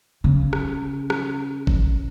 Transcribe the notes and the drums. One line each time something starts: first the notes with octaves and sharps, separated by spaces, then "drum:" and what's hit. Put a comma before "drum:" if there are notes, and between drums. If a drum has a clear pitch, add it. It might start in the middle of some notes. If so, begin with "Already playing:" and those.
C#3
drum: rim click
drum: rim click
drum: kick G1